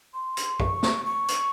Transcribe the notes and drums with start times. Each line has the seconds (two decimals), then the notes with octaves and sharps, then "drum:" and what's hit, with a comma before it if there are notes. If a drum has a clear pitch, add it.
0.14 C6
0.37 drum: hi-hat
0.60 C#6, drum: kick
0.83 drum: snare
1.05 C#6
1.28 drum: hi-hat